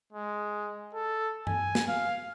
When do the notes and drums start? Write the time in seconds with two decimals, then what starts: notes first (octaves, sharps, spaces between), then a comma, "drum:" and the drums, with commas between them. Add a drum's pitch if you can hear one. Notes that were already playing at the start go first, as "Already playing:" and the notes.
0.13 G#3
0.94 A4
1.47 G#5, drum: tom G2
1.75 drum: snare
1.88 F5